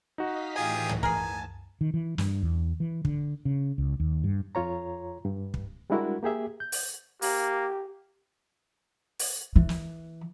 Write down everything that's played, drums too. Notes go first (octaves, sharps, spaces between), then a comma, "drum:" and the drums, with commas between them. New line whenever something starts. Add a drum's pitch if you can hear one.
D#4 F#4 D#5 F5 B6
A2 E3 F4 G4 G#4 G#5
drum: tom
G#4 A#4 G#5 A5, drum: kick
D#3
E3
G2, drum: snare
E2
E3
D3, drum: kick
C#3
C#2
D#2
G2
F2 F4 C#5 A#5
G2
drum: kick
G3 G#3 D4 E4 F#4 A#4
A#3 G4 G#4 E5
G6
drum: open hi-hat
A#3 G4, drum: open hi-hat
drum: open hi-hat
E3
drum: snare